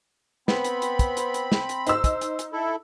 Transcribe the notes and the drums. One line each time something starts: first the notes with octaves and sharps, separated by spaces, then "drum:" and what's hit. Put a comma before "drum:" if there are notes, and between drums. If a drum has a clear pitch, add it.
B3 C4 B5, drum: snare
drum: hi-hat
drum: hi-hat
drum: kick, hi-hat
drum: hi-hat
drum: hi-hat
drum: snare
drum: hi-hat
D#4 C5 E6, drum: hi-hat
drum: kick, hi-hat
drum: hi-hat
drum: hi-hat
E4 A4